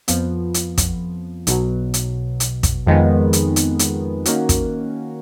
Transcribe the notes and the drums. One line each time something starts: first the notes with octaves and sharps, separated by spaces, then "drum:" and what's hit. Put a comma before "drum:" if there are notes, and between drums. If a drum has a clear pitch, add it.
F2 F3 B3, drum: hi-hat
drum: hi-hat
drum: kick, hi-hat
B1 B2 F#3, drum: hi-hat
drum: hi-hat
drum: hi-hat
drum: kick, hi-hat
F2 D#3 G#3 B3
drum: hi-hat
drum: hi-hat
drum: hi-hat
D#3 A#3 C#4 F#4, drum: hi-hat
drum: kick, hi-hat